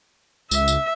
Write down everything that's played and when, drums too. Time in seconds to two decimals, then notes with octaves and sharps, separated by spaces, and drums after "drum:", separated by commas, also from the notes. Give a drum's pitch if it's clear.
0.51 C#2 E5, drum: tambourine
0.68 drum: tambourine